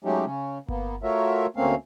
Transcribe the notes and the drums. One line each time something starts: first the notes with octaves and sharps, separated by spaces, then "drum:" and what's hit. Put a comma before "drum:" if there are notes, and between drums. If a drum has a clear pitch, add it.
F#3 G#3 A3 C#4 D#4 G4
C#3 C#4
A#3 B3, drum: kick G1
A3 F4 F#4 A#4 C#5 E5
D2 A3 A#3 C4 C#4 F5